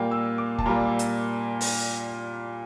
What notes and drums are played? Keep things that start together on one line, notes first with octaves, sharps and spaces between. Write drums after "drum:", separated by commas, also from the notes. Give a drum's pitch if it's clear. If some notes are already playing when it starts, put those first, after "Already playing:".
Already playing: A#2 G3 A#3 G5
E6
D6
A5, drum: kick F1
A#2 G3 A#3 A#5
drum: hi-hat
drum: open hi-hat